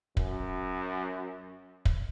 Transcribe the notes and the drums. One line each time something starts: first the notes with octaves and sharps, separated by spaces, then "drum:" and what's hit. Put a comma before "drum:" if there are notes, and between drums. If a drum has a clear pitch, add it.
F#2, drum: kick
drum: kick